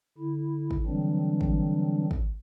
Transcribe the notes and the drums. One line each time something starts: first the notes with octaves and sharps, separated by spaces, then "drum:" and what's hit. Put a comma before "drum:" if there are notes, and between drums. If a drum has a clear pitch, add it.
D3 E4
drum: kick
D3 E3 F#3 G3 C4 D4
drum: kick
drum: kick